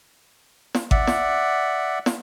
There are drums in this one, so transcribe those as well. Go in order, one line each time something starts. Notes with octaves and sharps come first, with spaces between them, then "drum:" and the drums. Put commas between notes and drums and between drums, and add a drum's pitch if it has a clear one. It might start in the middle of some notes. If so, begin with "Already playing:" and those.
drum: snare
D5 E5 F#5, drum: kick G#1
drum: snare
drum: snare